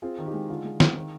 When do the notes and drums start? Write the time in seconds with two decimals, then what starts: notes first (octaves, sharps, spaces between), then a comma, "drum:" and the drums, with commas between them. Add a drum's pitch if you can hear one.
0.02 C4 F4 G#4
0.18 D#3
0.26 D#4 G4
0.34 G#3
0.49 D3 F4 G#4
0.65 G#3
0.80 C4, drum: snare
0.95 D#3